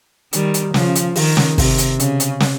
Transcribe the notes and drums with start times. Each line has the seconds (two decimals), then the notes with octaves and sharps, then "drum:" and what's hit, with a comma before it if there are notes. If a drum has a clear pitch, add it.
0.33 D#3 G3, drum: hi-hat
0.54 drum: hi-hat
0.74 C#3 F3, drum: snare
0.95 drum: hi-hat
1.16 D#3, drum: open hi-hat
1.37 drum: snare
1.58 C3, drum: kick, open hi-hat
1.78 drum: hi-hat
2.00 C#3, drum: hi-hat
2.20 drum: hi-hat
2.40 drum: snare